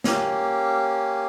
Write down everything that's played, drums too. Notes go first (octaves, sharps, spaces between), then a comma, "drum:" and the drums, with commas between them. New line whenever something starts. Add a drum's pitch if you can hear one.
A#3 C#4 G4, drum: snare